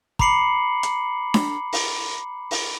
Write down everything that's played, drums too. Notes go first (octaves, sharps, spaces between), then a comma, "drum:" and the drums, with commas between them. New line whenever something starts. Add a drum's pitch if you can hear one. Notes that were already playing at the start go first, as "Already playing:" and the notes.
A#5 B5 D6 C7 C#7 F#7, drum: kick
drum: hi-hat
drum: snare D4
drum: open hi-hat
drum: open hi-hat